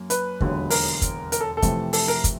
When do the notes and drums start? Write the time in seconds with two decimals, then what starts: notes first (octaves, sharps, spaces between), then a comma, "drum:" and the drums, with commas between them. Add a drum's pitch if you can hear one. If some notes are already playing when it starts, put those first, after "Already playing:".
Already playing: F#2 A#3
0.10 B4, drum: hi-hat
0.41 E1 D#2 D3 F#3, drum: kick
0.70 A#4, drum: open hi-hat
1.02 drum: kick, hi-hat
1.32 A#4, drum: hi-hat
1.40 A4
1.57 A4
1.62 F2 C3 E3 A3, drum: kick, hi-hat
1.93 A4, drum: open hi-hat
2.08 A#4
2.24 drum: kick, hi-hat